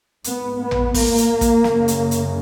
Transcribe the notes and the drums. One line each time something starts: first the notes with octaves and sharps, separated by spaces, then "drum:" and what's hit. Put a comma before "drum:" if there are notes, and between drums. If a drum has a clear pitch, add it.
G#2 B3, drum: hi-hat
B3
drum: tom
A#3, drum: kick, open hi-hat
drum: hi-hat
drum: kick, hi-hat
F#2 C#3, drum: snare
drum: hi-hat
drum: hi-hat